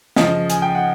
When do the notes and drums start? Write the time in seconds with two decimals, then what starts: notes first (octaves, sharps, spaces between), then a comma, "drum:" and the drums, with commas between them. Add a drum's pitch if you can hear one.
0.16 C#3 F3 D#5, drum: snare
0.50 G#5, drum: hi-hat
0.62 G5
0.75 F#5